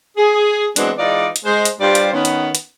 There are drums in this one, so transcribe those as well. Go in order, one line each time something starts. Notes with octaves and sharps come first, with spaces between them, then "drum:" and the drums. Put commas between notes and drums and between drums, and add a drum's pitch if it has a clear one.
G#4
E3 F#3 G#3 B3 C4 D4, drum: hi-hat
E3 G#3 D#4 F4 D5
drum: hi-hat
G#3 C5
drum: hi-hat
G2 G3 F4 C5 D5
drum: hi-hat
D#3 B3 C#4
drum: hi-hat
drum: hi-hat